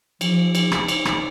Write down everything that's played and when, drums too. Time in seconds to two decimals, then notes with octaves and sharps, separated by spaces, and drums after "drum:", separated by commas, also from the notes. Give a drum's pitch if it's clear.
0.21 F3, drum: cymbal
0.55 drum: cymbal
0.72 drum: rim click
0.88 drum: cymbal
1.05 drum: rim click